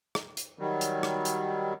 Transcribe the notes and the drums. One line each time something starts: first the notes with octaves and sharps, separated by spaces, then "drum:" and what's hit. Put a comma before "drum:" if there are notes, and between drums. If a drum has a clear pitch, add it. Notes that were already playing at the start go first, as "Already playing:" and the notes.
drum: rim click
drum: hi-hat
D#3 F#3 G3
drum: hi-hat
drum: rim click
drum: hi-hat